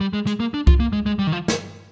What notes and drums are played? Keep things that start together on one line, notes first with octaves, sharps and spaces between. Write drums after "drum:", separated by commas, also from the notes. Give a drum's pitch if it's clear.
G3
G#3
G#3, drum: hi-hat
A#3
D4
F4, drum: kick C2
A#3
G#3
G#3
G3
D#3
F3
drum: snare